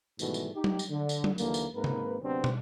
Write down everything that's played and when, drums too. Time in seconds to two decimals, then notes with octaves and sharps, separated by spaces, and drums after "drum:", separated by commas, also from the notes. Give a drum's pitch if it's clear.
0.19 G#2 B2 D#3 E3 G3 A3, drum: tambourine
0.34 drum: tambourine
0.55 D#4 G4
0.64 drum: tom F#3
0.79 drum: tambourine
0.90 D3
1.09 drum: tambourine
1.24 drum: tom F#3
1.38 D#2 D3 E3 A#3, drum: tambourine
1.54 drum: tambourine
1.74 G#2 A#3 C4 A#4 B4
1.84 drum: tom C3
2.21 D2 C3 F#3 B3 C4 D4
2.44 drum: tom